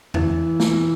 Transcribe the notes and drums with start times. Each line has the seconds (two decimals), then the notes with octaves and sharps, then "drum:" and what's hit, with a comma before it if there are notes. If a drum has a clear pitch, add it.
0.14 E3, drum: tom E2
0.60 drum: snare